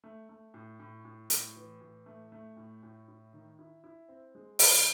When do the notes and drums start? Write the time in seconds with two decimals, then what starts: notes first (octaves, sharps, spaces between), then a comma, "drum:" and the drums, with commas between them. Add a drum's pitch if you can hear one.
0.04 A3
0.29 A3
0.54 A2
0.80 A2
1.05 A2
1.30 A2, drum: hi-hat
1.56 E3
1.81 A2
2.06 A3
2.32 A3
2.57 A2
2.83 A2
3.08 E4
3.33 D#3
3.59 E4
3.84 E4
4.08 C4
4.35 G#3
4.59 D#3, drum: open hi-hat